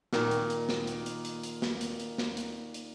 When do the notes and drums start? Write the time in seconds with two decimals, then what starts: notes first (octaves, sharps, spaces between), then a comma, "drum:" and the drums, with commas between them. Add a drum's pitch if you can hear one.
0.13 A#2 D#3, drum: snare
0.31 drum: hi-hat
0.50 drum: hi-hat
0.69 drum: snare
0.87 drum: hi-hat
1.06 drum: hi-hat
1.25 drum: hi-hat
1.43 drum: hi-hat
1.62 drum: snare
1.81 drum: hi-hat
2.00 drum: hi-hat
2.18 drum: snare
2.37 drum: hi-hat
2.74 drum: hi-hat